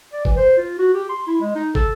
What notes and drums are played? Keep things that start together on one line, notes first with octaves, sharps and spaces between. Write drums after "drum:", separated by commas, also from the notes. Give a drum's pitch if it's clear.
D5
E3, drum: kick
C5
F4
F#4
G4
C6
E4
G#3
D#4
A4, drum: kick